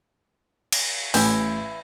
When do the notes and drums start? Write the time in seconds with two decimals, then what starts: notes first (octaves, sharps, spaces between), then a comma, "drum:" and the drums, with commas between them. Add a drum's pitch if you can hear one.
0.72 drum: cymbal
1.14 A1 E3 E4 G6, drum: open hi-hat